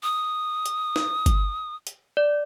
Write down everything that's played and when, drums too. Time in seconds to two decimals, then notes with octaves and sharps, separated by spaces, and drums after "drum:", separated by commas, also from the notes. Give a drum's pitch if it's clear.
0.03 D#6
0.66 drum: hi-hat
0.96 drum: snare
1.26 drum: kick G1, hi-hat
1.87 drum: hi-hat
2.17 D5